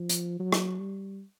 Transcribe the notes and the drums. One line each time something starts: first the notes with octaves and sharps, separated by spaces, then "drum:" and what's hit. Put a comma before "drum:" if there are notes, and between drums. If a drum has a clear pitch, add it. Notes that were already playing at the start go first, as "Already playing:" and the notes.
Already playing: F3
drum: hi-hat
F#3
drum: rim click
G3